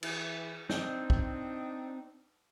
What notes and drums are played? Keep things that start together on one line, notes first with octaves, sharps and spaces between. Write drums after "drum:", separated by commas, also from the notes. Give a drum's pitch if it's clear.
E3, drum: cymbal
C4 D4 D#4, drum: snare
drum: kick